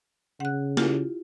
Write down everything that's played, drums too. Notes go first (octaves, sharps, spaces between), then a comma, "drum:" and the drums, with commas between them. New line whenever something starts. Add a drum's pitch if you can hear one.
C#3 F#5 F#6
E4 F4 G4, drum: snare